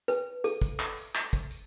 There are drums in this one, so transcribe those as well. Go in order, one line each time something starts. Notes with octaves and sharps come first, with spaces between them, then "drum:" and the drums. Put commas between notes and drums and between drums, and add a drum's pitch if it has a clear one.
B4, drum: tambourine
A4, drum: tambourine
drum: kick, tambourine
drum: clap
drum: tambourine
drum: clap
drum: kick, tambourine
drum: tambourine